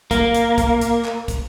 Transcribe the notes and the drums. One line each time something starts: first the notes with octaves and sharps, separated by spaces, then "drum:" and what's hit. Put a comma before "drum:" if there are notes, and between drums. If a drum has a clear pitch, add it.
A#3, drum: kick, hi-hat
drum: hi-hat
drum: kick, hi-hat
drum: hi-hat
drum: clap
drum: kick, hi-hat